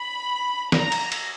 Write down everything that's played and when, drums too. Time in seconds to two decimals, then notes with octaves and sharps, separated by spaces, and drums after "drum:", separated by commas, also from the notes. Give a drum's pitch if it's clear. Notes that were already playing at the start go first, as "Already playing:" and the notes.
Already playing: B5
0.72 A#5, drum: snare
0.92 drum: cymbal
1.12 drum: cymbal